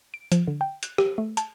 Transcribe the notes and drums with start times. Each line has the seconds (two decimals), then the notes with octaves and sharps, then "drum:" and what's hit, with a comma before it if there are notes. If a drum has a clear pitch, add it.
0.14 D7
0.32 F3, drum: hi-hat
0.47 D3
0.61 G5
0.83 F#6, drum: hi-hat
0.98 G4, drum: rim click
1.18 A3
1.37 A5, drum: hi-hat